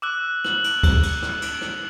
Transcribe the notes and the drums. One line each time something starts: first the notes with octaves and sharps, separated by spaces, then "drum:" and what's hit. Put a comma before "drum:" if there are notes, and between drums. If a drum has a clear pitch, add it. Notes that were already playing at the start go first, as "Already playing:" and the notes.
D6 E6 F#6
F#7, drum: rim click
drum: cymbal
drum: kick D2, cymbal
drum: cymbal
drum: rim click
drum: cymbal
drum: rim click